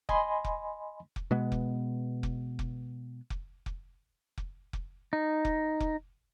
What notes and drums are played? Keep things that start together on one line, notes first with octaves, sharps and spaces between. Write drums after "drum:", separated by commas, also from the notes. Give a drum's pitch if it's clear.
D#5 G#5 B5 C6, drum: kick F1
drum: kick F1
drum: kick F1
B2 G#3 B3
drum: kick F1
drum: kick F1
drum: kick F1
drum: kick F1
drum: kick F1
drum: kick F1
drum: kick F1
D#4
drum: kick F1
drum: kick F1